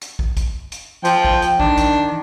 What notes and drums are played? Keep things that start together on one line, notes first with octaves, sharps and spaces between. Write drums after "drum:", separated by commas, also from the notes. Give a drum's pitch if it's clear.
drum: hi-hat
drum: kick
drum: kick, hi-hat
drum: hi-hat
F3 G5, drum: hi-hat
drum: kick
drum: hi-hat
D#3 D4, drum: kick
drum: kick, hi-hat